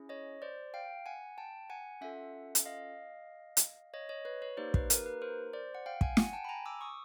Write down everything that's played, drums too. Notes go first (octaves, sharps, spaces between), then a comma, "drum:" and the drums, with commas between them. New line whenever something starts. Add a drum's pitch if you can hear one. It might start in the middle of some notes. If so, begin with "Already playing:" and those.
Already playing: C#4 E4 G#4
C#5 D#5
C5 D5
F5 G5
F#5 G#5
G5 A5
F#5 G#5
C#4 F4 A4 E5 F#5
drum: hi-hat
D#5 F5
drum: hi-hat
C#5 D#5
C#5 D#5
B4 C#5
B4 C#5
A#3 D#4 G4 C5 D5
B4, drum: kick
A#4, drum: hi-hat
B4
A#4 C5
C5 D5
F#5
F5 G5
F#5 G#5, drum: kick
F#5 G#5, drum: snare
G5 A5
B5
G#5 A#5
D6 E6
C#6 D#6